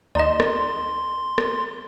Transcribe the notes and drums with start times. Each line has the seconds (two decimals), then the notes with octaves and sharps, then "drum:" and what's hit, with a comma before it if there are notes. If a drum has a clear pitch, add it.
0.15 D#2 D#4 D5 D#5 C6 E7
0.40 drum: rim click
1.38 drum: rim click